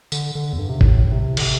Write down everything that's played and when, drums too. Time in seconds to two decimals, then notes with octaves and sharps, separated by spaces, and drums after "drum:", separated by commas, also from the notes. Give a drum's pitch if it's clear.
0.12 D3, drum: tambourine
0.35 D3
0.53 E2
0.58 G2
0.69 C3
0.81 A2, drum: kick G1
1.12 C3
1.37 D3, drum: cymbal
1.43 C3